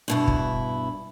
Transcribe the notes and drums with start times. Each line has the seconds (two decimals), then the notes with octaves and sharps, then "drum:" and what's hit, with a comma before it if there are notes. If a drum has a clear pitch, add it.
0.08 G2 B2 E4
0.28 drum: kick